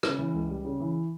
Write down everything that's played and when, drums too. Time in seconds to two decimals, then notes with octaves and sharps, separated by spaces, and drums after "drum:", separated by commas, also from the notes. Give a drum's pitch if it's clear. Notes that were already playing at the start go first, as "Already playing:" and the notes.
0.03 C#3, drum: rim click
0.19 E3
0.34 C#2
0.49 G3
0.65 C#3
0.80 E3